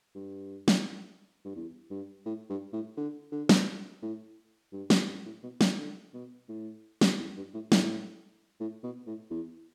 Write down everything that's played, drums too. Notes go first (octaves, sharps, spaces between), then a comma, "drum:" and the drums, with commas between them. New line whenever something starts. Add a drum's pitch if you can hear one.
G2
drum: snare
G2
E2
G2
A2
G2
A2
D3
D3
drum: snare
A2
G2
drum: snare
G2
A2
B2
drum: snare
D3
B2
A2
drum: snare
E2
G2
A2
A2, drum: snare
A2
B2
A2
E2